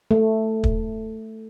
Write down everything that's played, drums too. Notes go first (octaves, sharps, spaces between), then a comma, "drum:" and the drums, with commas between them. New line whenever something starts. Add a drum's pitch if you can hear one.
A3
drum: kick